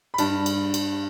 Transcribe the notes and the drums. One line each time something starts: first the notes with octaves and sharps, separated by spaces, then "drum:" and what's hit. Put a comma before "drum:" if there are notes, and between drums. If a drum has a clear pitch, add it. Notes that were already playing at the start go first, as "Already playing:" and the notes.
B5
G2 A5, drum: cymbal
drum: cymbal
drum: cymbal